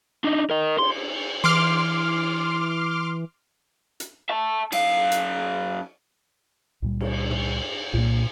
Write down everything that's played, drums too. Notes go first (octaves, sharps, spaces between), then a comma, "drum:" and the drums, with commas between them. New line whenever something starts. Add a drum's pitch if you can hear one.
D4 D#4
A#4 D#5
C6, drum: cymbal
E3 C6 D6 F6
drum: hi-hat
E5 A5
F#2 F5, drum: cymbal
drum: hi-hat
C#2 A#2 G3
drum: cymbal
drum: tom
C2 A#2 A#3